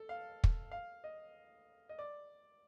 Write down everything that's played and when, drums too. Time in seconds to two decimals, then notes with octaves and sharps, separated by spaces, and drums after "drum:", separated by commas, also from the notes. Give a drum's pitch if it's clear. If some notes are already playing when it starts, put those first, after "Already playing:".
Already playing: A4
0.09 F5
0.44 drum: kick
0.71 F5
1.04 D#5
1.89 D#5
1.99 D5